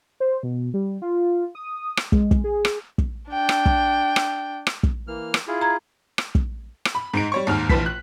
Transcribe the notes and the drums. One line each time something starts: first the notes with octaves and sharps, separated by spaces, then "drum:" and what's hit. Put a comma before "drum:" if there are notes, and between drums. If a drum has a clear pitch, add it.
C5
B2
G3
F4
D#6
drum: rim click
G#3, drum: kick
drum: kick
G#4
drum: rim click
drum: kick
D4 G5
drum: rim click
drum: kick
drum: rim click
drum: rim click
drum: kick
E3 A#3 F6
drum: rim click
E4 F4 G#4
A#5 G#6
drum: rim click
drum: kick
drum: rim click
B5
G#2 D#4 D7
G3 C#5 C#6
D#2 G#2 F6
F1 A#1 E3 B4 A5 B6, drum: kick
F#6